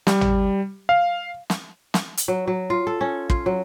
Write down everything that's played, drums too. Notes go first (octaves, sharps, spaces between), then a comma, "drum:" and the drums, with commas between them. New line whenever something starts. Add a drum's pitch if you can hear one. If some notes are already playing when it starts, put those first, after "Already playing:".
G3, drum: snare
drum: tom
F5
drum: snare
drum: snare
drum: hi-hat
F#3
F#3
F4
A4
C#4
F4, drum: kick
F#3